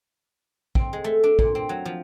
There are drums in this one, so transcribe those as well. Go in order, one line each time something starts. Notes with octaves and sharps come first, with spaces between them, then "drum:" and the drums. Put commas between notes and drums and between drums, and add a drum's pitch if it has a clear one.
C4, drum: kick
G#3
A3
D4
A#2, drum: kick
C4
F#3
F3